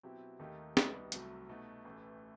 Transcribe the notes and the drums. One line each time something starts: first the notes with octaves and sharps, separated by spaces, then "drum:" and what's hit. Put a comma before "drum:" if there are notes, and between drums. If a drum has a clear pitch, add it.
B2 F#3 C4 E4 G4
D#2 D#3 A3 D#4 G4
C2 B2 G3 B3 D#4, drum: snare
C2 C3 F#3 A3, drum: hi-hat
B2 A3 D#4 F#4
A1 A2 E3 A3